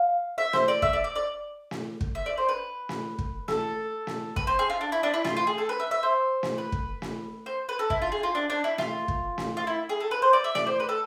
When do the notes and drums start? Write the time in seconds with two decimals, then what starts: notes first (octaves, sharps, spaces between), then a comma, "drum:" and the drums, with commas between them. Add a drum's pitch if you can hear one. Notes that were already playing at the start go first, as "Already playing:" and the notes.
Already playing: F5
0.38 E5
0.53 C5, drum: snare
0.68 D5
0.82 E5, drum: kick
0.93 D5
1.04 D5
1.16 D5
1.71 drum: snare
2.01 drum: kick
2.15 E5
2.26 D5
2.38 C5
2.49 B4
2.89 drum: snare
3.19 drum: kick
3.48 A4, drum: snare
4.07 drum: snare
4.36 B4, drum: kick
4.47 C5
4.59 G#4
4.70 F4
4.81 D4
4.92 E4
5.03 D4
5.14 E4
5.25 F4, drum: snare
5.37 F4
5.47 G#4
5.58 A4
5.69 B4
5.80 E5
5.91 E5
6.03 C5
6.43 drum: snare
6.58 B4
6.72 drum: kick
7.02 drum: snare
7.46 C5
7.69 B4
7.79 A4
7.90 E4, drum: kick
8.02 F4
8.12 G#4
8.23 F4
8.35 D4
8.50 D4
8.64 E4
8.78 F4, drum: snare
9.08 drum: kick
9.38 drum: snare
9.57 F4
9.67 E4
9.89 G#4
10.00 A4
10.11 B4
10.22 C5
10.33 D5
10.44 E5
10.55 D5, drum: snare
10.67 C5
10.80 B4
10.89 A4